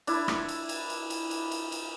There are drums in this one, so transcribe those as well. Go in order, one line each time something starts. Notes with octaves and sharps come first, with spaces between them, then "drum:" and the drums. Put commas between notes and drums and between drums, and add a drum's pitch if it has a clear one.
D4 E4, drum: cymbal
drum: rim click
drum: cymbal
drum: cymbal
drum: cymbal
drum: cymbal
drum: cymbal
drum: cymbal
drum: cymbal